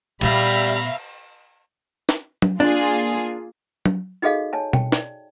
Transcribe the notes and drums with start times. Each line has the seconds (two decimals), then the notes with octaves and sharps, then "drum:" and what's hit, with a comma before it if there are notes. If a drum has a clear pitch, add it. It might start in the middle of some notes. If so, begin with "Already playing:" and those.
0.21 A#2 G3 B3 E5 F5 A#5 B5, drum: cymbal
2.09 drum: snare
2.42 drum: tom F#3
2.60 A#3 D4 F4 G#4
3.86 drum: tom F#3
4.22 D#4 F#4 G#4 A4 D#5 F5
4.53 C#5 G#5 A5
4.73 G5, drum: tom B2
4.92 D5, drum: snare